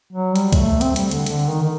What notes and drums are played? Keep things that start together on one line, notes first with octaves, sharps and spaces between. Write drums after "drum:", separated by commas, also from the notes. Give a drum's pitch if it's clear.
F#3
G3, drum: hi-hat
G#3, drum: kick C2, hi-hat
A3
C4, drum: hi-hat
G3, drum: hi-hat
D3, drum: hi-hat
D3, drum: hi-hat
D#3
D#3